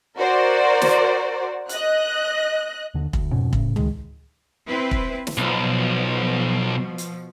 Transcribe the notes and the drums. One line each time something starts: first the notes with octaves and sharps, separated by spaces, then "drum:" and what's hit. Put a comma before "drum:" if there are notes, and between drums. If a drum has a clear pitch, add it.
F#4 A#4 C5 D5
drum: snare
D#5 F#6, drum: hi-hat
D#2 D3
D2, drum: kick
F2 G#2 B2 C#4
A2 C#3, drum: kick
D#3 G#3, drum: tom C#2
C4 E4 B4
drum: kick
drum: snare
B1 B2 F3
drum: hi-hat